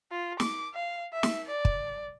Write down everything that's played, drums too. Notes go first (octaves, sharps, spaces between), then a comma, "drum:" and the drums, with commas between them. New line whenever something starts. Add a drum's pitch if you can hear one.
F4
D6, drum: snare
F5
E5
drum: snare
D5
drum: kick